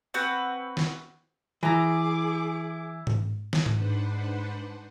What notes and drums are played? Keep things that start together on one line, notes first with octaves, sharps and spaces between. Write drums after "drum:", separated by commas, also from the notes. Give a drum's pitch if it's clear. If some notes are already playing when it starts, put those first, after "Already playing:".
C4 F#4 B4
drum: snare
E3 E4 G#4 A#5 D6
drum: tom G#2
drum: snare
G#2 D4 B4 C5 F#5, drum: tom G#2